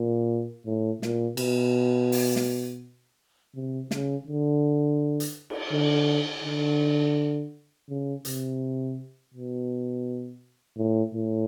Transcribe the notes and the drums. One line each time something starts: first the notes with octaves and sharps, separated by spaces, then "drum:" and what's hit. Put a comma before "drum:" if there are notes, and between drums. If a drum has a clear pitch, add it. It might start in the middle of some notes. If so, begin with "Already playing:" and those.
Already playing: A#2
A2
A#2, drum: snare
B2, drum: cymbal
drum: open hi-hat
drum: snare
C3
C#3, drum: snare
D3
drum: hi-hat
drum: cymbal
D3
D3
C#3
C3, drum: hi-hat
B2
A2
A2